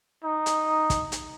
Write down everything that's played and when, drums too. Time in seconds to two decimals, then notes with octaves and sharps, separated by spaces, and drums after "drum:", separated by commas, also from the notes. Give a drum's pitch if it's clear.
0.24 D#4
0.46 drum: hi-hat
0.90 drum: kick, hi-hat
1.12 drum: hi-hat